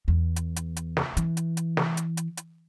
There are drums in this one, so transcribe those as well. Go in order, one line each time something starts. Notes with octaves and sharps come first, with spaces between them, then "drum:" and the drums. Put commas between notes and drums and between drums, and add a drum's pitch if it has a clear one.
E2
drum: hi-hat
drum: hi-hat
drum: hi-hat
drum: snare
E3, drum: hi-hat
drum: hi-hat
drum: hi-hat
drum: snare
drum: hi-hat
drum: hi-hat
drum: hi-hat